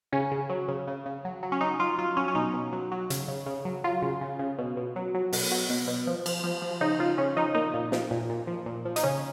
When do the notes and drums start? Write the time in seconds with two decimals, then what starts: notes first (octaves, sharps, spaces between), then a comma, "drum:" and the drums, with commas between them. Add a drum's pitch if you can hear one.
0.12 C#3 C#4
0.32 C#3
0.50 F#3
0.68 C#3
0.88 C#3
1.06 C#3
1.25 F#3
1.43 F#3
1.52 C#4
1.61 F#3 D#4
1.79 F#3 F4
1.98 F#3 F4
2.17 F#3 C#4
2.28 C#4
2.35 B2 D#4
2.54 B2
2.73 F#3
2.92 F#3
3.10 C#3, drum: hi-hat
3.28 C#3
3.46 C#3
3.65 F#3
3.84 F#3 F4
4.02 C#3
4.21 C#3
4.39 C#3
4.59 B2
4.77 B2
4.96 F#3
5.14 F#3
5.33 B2, drum: open hi-hat
5.52 F#3
5.70 B2
5.88 B2
6.07 F3
6.26 F3, drum: cymbal
6.44 F3
6.62 F3
6.81 C#3 D#4
6.99 C#3 F4
7.18 C#3 C#4
7.36 F3 D#4
7.55 A#2 D#4
7.74 A#2
7.92 F3, drum: snare
8.11 A#2
8.29 A#2
8.47 F3
8.66 A#2
8.85 F3
8.96 D#4, drum: hi-hat
9.03 C#3 C#4